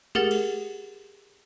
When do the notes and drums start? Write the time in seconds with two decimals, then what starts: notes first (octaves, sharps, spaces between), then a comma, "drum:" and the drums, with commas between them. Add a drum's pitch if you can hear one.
0.15 G4 G#4 A#4 F#5 A6, drum: tom G#3
0.31 drum: cymbal